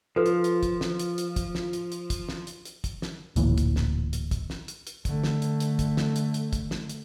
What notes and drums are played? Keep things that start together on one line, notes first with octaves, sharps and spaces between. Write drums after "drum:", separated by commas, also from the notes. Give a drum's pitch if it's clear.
F3 F4 A4 B4
drum: hi-hat
drum: hi-hat
drum: kick, hi-hat
drum: snare
drum: hi-hat
drum: hi-hat
drum: kick, hi-hat
drum: snare
drum: hi-hat
drum: hi-hat
drum: kick, hi-hat
drum: snare
drum: hi-hat
drum: hi-hat
drum: kick, hi-hat
drum: snare
D1 A1 A#2 E3, drum: hi-hat
drum: kick, hi-hat
drum: snare
drum: hi-hat
drum: kick, hi-hat
drum: snare
drum: hi-hat
drum: hi-hat
D3 A3, drum: kick, hi-hat
drum: snare
drum: hi-hat
drum: hi-hat
drum: kick, hi-hat
drum: snare
drum: hi-hat
drum: hi-hat
drum: kick, hi-hat
drum: snare
drum: hi-hat